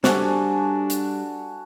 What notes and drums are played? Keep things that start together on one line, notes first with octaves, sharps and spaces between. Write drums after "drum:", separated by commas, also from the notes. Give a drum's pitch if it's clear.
G3 D4 F#4 A4 C5 G#5, drum: snare
drum: hi-hat